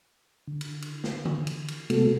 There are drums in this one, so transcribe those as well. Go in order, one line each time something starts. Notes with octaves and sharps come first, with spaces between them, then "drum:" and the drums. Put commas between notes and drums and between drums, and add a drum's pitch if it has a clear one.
D3
drum: cymbal
drum: cymbal
drum: snare
drum: tom D3
drum: cymbal
drum: cymbal
C3 G#3 A3 B3 F#4 A4, drum: cymbal